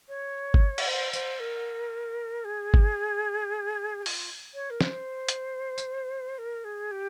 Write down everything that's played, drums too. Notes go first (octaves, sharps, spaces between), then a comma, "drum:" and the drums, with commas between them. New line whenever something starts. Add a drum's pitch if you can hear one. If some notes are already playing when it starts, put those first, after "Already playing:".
C#5
drum: kick G1
drum: cymbal
C5
C5, drum: tambourine
A#4
G#4
drum: kick G1
G4
F4, drum: open hi-hat
C#5
A#4
C5, drum: snare
drum: hi-hat
drum: tambourine
A#4
G#4
G4